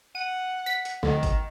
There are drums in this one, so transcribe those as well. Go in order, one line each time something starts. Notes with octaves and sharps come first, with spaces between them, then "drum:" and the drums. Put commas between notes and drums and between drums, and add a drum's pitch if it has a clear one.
F#5 D#7
B6, drum: hi-hat
drum: hi-hat
D2 D#3, drum: snare
drum: kick, hi-hat